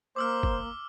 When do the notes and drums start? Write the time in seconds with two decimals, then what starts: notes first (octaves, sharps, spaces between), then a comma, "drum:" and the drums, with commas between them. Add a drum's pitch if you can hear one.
0.16 A#3 C5 D6 E6 F6
0.43 drum: kick